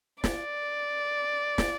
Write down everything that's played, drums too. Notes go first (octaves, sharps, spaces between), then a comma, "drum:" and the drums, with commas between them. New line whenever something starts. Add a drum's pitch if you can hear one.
D5, drum: snare
drum: snare